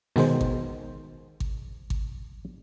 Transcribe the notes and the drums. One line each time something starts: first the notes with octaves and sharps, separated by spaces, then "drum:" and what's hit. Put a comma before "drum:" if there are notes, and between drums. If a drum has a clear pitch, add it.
B2 D#3 G#3 C5, drum: snare
drum: kick G#1
drum: kick G#1
drum: kick G#1